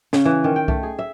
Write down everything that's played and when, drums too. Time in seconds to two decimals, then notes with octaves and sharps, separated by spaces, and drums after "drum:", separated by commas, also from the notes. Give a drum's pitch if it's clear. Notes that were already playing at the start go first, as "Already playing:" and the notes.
0.13 C#3, drum: snare
0.25 E3
0.44 D#3
0.56 G5
0.68 A3, drum: kick C2
0.83 G#4
0.99 E5